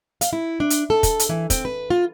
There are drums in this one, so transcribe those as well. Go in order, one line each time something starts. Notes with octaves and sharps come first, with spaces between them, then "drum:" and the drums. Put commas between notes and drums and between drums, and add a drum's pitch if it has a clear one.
F5, drum: hi-hat
E4
D4
drum: hi-hat
A4
drum: kick, hi-hat
drum: hi-hat
E3
C4, drum: kick, hi-hat
B4
F4